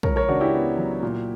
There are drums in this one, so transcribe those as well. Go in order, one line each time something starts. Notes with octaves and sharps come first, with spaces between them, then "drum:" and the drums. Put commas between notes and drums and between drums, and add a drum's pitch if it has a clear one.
C#2 A#4 C#5, drum: kick
A#4 C#5
C#3 D4 F#4
E4 G4
B3
F#3
A#2